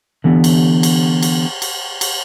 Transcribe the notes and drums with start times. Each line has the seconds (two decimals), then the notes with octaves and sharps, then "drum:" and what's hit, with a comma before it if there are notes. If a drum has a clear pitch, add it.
0.24 D3 E3 B3 G4
0.44 drum: cymbal
0.83 drum: cymbal
1.23 drum: cymbal
1.62 drum: cymbal
2.01 drum: cymbal